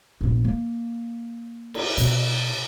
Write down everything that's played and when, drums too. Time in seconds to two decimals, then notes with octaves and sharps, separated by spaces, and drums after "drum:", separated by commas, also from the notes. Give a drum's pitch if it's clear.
0.21 A#1 B3
0.44 A#3
1.74 drum: cymbal
1.97 B2 C4, drum: hi-hat